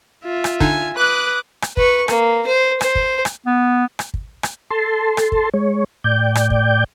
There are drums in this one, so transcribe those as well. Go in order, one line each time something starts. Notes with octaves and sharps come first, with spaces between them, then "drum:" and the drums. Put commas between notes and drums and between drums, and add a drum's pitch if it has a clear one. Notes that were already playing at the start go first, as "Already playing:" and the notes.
F4 E5
drum: rim click
D3 D4 D#4 G#5, drum: kick
B4 D6 D#6 F#6
drum: rim click
B4 C#6, drum: kick
A#3, drum: rim click
C5
C5, drum: rim click
drum: kick
drum: rim click
B3
drum: rim click
drum: kick
drum: rim click
A4 A5 C6
drum: rim click
drum: kick
G#3 C#5
A2 D5 G5 G6
drum: rim click
drum: kick